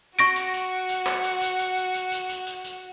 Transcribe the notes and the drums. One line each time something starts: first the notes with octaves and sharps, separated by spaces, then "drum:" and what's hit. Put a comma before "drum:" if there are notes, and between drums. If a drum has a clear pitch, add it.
F#4 C#6 A#6 D7, drum: tambourine
drum: tambourine
drum: tambourine
drum: tambourine
drum: clap
drum: tambourine
drum: tambourine
drum: tambourine
drum: tambourine
drum: tambourine
drum: tambourine
drum: tambourine
drum: tambourine
drum: tambourine